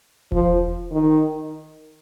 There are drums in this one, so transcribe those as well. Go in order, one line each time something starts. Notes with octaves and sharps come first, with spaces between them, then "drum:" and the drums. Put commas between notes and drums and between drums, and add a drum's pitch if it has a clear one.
F3, drum: kick E1
D#3